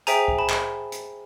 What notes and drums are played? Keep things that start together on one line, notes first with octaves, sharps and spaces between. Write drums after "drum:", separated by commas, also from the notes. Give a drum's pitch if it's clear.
G#4 C5 E5 G5 G#5 A#5, drum: hi-hat
drum: kick C2
A5 B5
drum: clap
drum: hi-hat